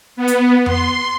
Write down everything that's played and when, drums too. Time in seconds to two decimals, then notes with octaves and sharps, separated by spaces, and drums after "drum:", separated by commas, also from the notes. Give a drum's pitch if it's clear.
0.16 B3
0.28 drum: hi-hat
0.66 C6, drum: tom F2